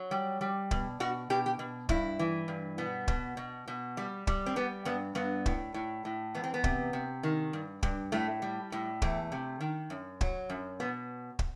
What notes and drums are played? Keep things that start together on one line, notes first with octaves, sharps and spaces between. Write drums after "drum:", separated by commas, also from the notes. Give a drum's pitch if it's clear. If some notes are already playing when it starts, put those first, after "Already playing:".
Already playing: F#3
G3
G3
B2, drum: kick
B2 F#4
B2 G4
G4
B2
G2 E4, drum: kick
E3
G2
B2 B3
B2, drum: kick
B2
B2
G3
G3, drum: kick
C4
G3 B3
G2 B3
G2 B3
A2, drum: kick
A2
A2
E2 B3
C4
B3
C3, drum: kick
C3
D#3
G2
G2, drum: kick
A2 A3
G3
A2
E2 A3, drum: kick
C3
D#3
F#2
F#3, drum: kick
F#2
B2 B3
drum: kick